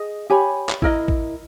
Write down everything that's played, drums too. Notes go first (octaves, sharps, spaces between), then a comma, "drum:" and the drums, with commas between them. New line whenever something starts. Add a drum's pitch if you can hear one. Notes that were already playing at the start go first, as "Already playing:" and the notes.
Already playing: G#4 D#5
G4 C#5 G#5 B5
drum: clap
E4 A#4 D#5, drum: kick A1
drum: kick A1